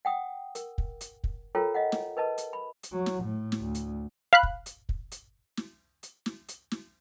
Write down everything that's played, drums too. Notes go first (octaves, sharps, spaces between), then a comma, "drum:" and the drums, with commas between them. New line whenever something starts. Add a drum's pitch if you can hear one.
F#5 G5 D#6
A#4, drum: hi-hat
drum: kick
drum: hi-hat
drum: kick
F4 A4 A#4 C#5 G5 A#5
D#5 F5 F#5
drum: snare
A#4 B4 D#5 A5
drum: hi-hat
B5
drum: hi-hat
F#3
drum: snare
A2
drum: snare
D2
drum: hi-hat
F5 B5 F#6
drum: kick
drum: hi-hat
drum: kick
drum: hi-hat
drum: snare
drum: hi-hat
drum: snare
drum: hi-hat
drum: snare